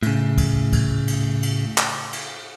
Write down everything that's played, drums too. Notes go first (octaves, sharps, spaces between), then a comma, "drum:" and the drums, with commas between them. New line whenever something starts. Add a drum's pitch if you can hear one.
A2 C#3, drum: cymbal
drum: kick C#2, cymbal
drum: kick C#2, cymbal
drum: cymbal
drum: cymbal
drum: clap
drum: cymbal